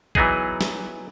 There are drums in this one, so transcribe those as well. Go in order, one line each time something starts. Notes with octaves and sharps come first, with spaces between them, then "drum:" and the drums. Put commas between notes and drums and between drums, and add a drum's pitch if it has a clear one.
E3 F#3 B3 D#4 G#4, drum: kick
drum: snare